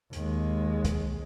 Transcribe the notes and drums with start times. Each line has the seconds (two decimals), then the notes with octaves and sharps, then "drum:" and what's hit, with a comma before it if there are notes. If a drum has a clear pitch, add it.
0.13 D#2 G#3, drum: hi-hat
0.85 drum: kick, hi-hat